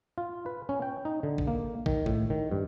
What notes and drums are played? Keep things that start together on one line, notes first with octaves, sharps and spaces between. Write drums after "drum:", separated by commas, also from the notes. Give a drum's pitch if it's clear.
F4
B4
C#4
G5
D#4
D3
drum: kick
A#3
D#3, drum: kick
A2, drum: kick
D#3
G2